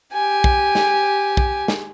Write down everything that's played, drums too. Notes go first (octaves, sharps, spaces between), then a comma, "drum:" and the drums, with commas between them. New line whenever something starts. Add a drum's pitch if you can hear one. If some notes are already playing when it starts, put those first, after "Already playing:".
G4 G#5
drum: kick
drum: snare
drum: kick
drum: snare